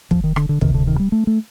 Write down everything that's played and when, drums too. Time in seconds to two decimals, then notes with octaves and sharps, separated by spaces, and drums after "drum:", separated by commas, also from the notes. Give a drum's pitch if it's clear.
0.11 F3, drum: kick
0.24 D#3
0.36 D3, drum: rim click
0.49 D3
0.61 D2 C3 D#3, drum: kick
0.74 D3
0.87 D#3
0.99 G3
1.12 A3
1.27 A3